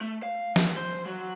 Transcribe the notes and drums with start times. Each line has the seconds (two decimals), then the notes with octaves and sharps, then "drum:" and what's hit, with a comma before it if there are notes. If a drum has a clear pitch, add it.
0.01 A3
0.23 F5
0.56 A#2, drum: snare
0.76 C5
1.06 F#3